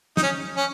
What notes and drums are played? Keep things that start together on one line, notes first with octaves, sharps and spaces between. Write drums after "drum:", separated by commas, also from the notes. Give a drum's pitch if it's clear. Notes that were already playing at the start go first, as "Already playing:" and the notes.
D#4, drum: snare
C#4
C#4